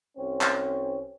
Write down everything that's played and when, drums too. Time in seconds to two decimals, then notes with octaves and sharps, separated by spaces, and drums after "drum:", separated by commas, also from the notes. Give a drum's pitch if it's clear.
0.18 C2 C4 C#4
0.41 drum: clap